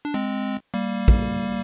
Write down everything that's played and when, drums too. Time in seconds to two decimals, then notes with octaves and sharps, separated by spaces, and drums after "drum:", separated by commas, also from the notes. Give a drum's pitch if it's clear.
0.05 D4
0.14 G#3 C4
0.74 G3 A#3
1.08 drum: kick